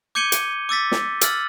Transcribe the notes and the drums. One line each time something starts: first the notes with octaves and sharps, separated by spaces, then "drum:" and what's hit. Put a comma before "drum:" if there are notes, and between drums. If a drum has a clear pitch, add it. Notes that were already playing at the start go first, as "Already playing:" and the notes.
D6 G6 G#6 C#7 D#7 G7
drum: hi-hat
D6 E6 A6 B6
drum: snare
E6 F6 A6 F#7, drum: hi-hat